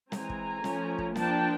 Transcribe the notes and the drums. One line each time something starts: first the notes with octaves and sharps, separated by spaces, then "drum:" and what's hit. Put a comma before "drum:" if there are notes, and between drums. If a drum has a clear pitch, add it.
E3 G#3 C4 G#5 A#5, drum: snare
drum: kick
F3 A3 C#4, drum: snare
drum: kick
F3 A#3 D4 G5 A5, drum: snare